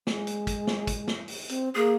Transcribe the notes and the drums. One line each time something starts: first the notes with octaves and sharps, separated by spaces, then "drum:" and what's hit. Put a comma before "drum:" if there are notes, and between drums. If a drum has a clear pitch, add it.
G#3, drum: snare
drum: hi-hat
drum: kick, hi-hat
drum: snare
drum: kick, hi-hat
drum: snare
drum: open hi-hat
C4, drum: hi-hat
A#3 G#4